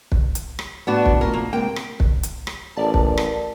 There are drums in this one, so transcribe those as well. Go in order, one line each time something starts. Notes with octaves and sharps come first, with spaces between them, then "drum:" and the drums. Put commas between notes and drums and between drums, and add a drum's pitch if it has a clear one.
drum: kick
drum: hi-hat
drum: rim click
A2 B3 D4 F#4
drum: kick
B2 F3 A3 A#4
A#3
C3 G#3 A#3 G5
drum: rim click
drum: kick
drum: hi-hat
drum: rim click
A1 A#4 D5 A5
drum: kick
drum: rim click